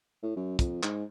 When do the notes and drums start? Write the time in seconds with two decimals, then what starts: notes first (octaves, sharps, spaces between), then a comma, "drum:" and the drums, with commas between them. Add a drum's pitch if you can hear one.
0.23 A2
0.36 F#2
0.59 F2, drum: kick, hi-hat
0.83 G#2, drum: clap